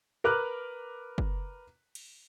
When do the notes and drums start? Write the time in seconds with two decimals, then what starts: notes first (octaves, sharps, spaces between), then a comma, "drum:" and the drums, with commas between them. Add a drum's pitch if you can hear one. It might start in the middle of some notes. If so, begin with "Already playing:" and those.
0.24 A#4 B4 D6 F6 F#6
1.18 drum: kick F#1
1.95 drum: cymbal